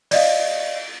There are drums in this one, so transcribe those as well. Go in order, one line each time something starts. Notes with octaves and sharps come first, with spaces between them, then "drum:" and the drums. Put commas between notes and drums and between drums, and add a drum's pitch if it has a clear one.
D5 D#5 F5, drum: open hi-hat